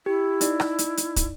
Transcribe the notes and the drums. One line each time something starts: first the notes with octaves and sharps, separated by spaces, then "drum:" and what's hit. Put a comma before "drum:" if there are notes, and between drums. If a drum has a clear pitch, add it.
E4 G4
D#4 D5, drum: hi-hat
drum: rim click
drum: hi-hat
drum: hi-hat
drum: kick, hi-hat